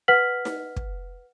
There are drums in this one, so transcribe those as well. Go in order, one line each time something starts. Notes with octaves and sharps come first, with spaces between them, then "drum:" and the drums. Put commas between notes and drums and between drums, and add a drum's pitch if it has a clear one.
B4 F#5 F6 B6 F#7
drum: snare D#4
drum: kick